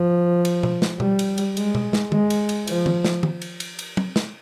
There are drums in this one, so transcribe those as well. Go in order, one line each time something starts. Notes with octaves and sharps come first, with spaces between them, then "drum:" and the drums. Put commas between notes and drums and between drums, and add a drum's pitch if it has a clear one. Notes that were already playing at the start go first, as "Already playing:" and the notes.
Already playing: F3
drum: cymbal
drum: tom B2
drum: snare
G3, drum: tom B2
drum: cymbal
drum: cymbal
G#3, drum: cymbal
drum: tom B2
drum: snare
G#3, drum: tom D#3
drum: cymbal
drum: cymbal
F3, drum: cymbal
drum: tom D#3
drum: snare
drum: tom D#3
drum: cymbal
drum: cymbal
drum: cymbal
drum: tom
drum: snare